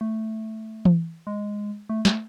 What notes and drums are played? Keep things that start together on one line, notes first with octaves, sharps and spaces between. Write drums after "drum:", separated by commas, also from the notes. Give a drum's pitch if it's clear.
A3
drum: tom E3
G#3
A3
A3, drum: snare